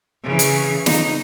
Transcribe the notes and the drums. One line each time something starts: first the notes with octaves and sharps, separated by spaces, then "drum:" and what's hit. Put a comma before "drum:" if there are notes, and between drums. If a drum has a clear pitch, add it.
C#3 E3
drum: hi-hat
D#4, drum: snare